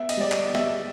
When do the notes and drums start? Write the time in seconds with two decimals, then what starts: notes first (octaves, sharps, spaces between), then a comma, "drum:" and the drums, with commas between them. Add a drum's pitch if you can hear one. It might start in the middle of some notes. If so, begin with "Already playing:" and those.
Already playing: B3 E5
0.09 D#5, drum: cymbal
0.17 G3 D5
0.32 D#5, drum: clap
0.47 B3
0.55 E5, drum: snare